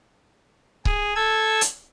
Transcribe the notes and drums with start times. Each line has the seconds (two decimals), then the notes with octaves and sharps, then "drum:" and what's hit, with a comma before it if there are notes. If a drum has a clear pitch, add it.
0.85 G#4, drum: kick C#1
1.16 A4 E6 G#6
1.61 drum: hi-hat